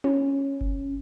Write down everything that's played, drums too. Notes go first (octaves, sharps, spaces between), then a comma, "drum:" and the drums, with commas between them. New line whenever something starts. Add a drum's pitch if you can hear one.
C#4, drum: tom
drum: kick F#1